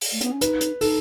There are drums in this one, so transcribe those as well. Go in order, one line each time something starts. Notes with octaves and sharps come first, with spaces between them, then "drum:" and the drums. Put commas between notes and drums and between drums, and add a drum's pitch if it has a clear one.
drum: open hi-hat
A3
B3, drum: hi-hat
C#4
D#4 B4, drum: hi-hat
drum: hi-hat
D#4 A4, drum: open hi-hat